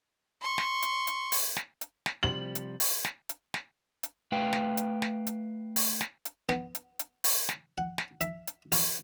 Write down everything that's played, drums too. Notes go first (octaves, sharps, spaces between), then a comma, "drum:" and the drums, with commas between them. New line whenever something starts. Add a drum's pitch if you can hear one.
C6 C#6
drum: snare
drum: hi-hat
drum: hi-hat
drum: open hi-hat
drum: snare
drum: hi-hat
drum: snare
C3 F3 G3 F#7
drum: hi-hat
drum: open hi-hat
drum: snare
drum: hi-hat
drum: snare
drum: hi-hat
A3 B4 F5 G5
drum: snare
drum: hi-hat
drum: snare
drum: hi-hat
drum: open hi-hat
drum: snare
drum: hi-hat
B3, drum: snare
drum: hi-hat
drum: hi-hat
drum: open hi-hat
drum: snare
F#5
drum: snare
E5, drum: hi-hat
drum: hi-hat
F4, drum: open hi-hat